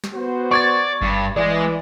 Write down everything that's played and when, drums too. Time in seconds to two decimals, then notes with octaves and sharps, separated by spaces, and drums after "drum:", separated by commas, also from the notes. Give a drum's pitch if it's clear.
0.04 drum: snare
0.14 B3 F#4 C5
0.51 D5 C#6 G#6 A6
1.01 G2, drum: kick G1
1.37 E3 G#3 D5